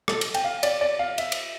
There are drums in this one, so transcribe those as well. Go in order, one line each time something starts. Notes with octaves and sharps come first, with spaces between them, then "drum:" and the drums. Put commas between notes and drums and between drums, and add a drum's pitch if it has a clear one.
A4, drum: rim click
drum: cymbal
G5, drum: cymbal
F5
D5, drum: cymbal
D5
F5
E5, drum: cymbal
drum: cymbal